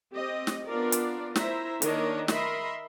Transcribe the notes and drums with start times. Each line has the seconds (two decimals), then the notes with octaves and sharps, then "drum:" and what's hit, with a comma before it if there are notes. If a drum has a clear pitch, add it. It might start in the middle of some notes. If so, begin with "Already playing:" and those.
0.15 C4 G4 D#5
0.47 drum: snare
0.68 B3 D4 F4 A#4 D5
0.92 drum: hi-hat
1.36 E4 C5 E5 A#5, drum: snare
1.82 D#3 A#3 D4 A#4 C#5 D#5, drum: hi-hat
2.28 A#4 D#5 E5 B5 C6, drum: snare